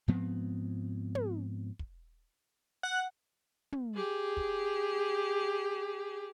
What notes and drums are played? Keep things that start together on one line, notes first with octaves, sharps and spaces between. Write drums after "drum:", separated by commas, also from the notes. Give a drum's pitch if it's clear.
G#2 F3 B3 C4
drum: tom
drum: kick
F#5
drum: tom
G4 G#4
drum: kick